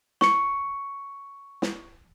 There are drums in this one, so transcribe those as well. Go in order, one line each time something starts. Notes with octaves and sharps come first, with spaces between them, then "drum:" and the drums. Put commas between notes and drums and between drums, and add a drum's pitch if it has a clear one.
C#6 C#7, drum: snare
drum: snare